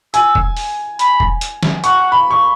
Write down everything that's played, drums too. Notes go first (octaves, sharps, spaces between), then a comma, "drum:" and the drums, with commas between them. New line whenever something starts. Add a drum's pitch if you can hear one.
G#5 E6, drum: hi-hat
drum: kick E1
drum: open hi-hat
B5, drum: hi-hat
drum: kick E1
drum: hi-hat
drum: snare
F#5 C#6, drum: hi-hat
B5
C#6